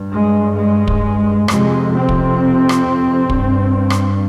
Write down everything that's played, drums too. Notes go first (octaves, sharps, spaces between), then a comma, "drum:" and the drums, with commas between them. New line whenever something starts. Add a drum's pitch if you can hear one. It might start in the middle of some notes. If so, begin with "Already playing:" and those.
Already playing: G2
G#3
G#3
drum: kick
F2 C3 G#3, drum: rim click
C4
drum: kick
drum: rim click
G2, drum: kick
drum: rim click